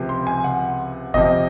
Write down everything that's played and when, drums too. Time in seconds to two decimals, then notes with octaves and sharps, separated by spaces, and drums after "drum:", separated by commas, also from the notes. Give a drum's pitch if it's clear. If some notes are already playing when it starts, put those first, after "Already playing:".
Already playing: C#2 C3 F3
0.09 C6
0.27 G#5
0.44 F#5, drum: tom C3
1.14 F2 C3 F3 D#5, drum: kick F#1